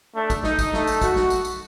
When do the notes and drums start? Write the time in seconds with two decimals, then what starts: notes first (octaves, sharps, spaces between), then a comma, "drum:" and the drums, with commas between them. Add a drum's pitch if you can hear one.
0.15 A3 D4
0.30 drum: kick, tambourine
0.44 D#4, drum: snare
0.59 drum: kick, tambourine
0.74 A3, drum: snare
0.87 drum: tambourine
1.02 F#4, drum: kick, tambourine
1.16 drum: snare
1.30 drum: tambourine
1.45 drum: tambourine